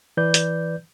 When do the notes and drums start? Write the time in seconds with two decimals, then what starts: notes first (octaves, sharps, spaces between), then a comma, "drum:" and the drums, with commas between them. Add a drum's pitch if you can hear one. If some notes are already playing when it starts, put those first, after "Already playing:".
0.17 E3 B4 D5 G6
0.34 drum: hi-hat